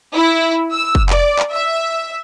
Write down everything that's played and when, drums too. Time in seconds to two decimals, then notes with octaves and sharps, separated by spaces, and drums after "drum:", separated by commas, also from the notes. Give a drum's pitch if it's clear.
0.15 E4
0.70 E6
0.95 drum: kick
1.10 D5, drum: clap
1.39 drum: clap
1.51 E5